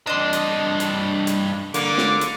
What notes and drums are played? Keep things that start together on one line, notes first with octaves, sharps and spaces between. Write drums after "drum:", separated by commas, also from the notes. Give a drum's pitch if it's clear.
G2 D4 D#5 C6
drum: hi-hat
drum: hi-hat
drum: hi-hat
D3 A#3 D6, drum: hi-hat
drum: snare
drum: hi-hat